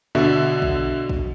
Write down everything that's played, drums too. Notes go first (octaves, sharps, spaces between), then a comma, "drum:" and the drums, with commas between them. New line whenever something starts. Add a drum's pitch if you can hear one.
B2 D3 E5
drum: kick A#1
drum: kick A#1